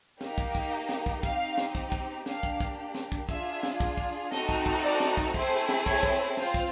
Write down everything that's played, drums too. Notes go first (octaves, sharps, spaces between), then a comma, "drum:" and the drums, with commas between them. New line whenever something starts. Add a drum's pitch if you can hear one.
A#3 D#4 G4, drum: snare
drum: kick
drum: kick, tambourine
drum: snare
drum: kick
C4 D#4 G4 F5, drum: kick, tambourine
drum: snare
drum: kick
drum: kick, tambourine
A#3 D4 G4 F5, drum: snare
drum: kick
drum: kick, tambourine
drum: snare
drum: kick
D4 F4 G#4 E5, drum: kick, tambourine
drum: snare
drum: kick
drum: kick, tambourine
A3 C4 D#4 F#4 A4 D#5, drum: snare
drum: kick
drum: kick
D5
drum: snare
drum: kick
A3 C4 E4 G#4 C5, drum: kick, tambourine
drum: snare
C#5, drum: kick
drum: kick, tambourine
C4 F4 C5, drum: snare
drum: kick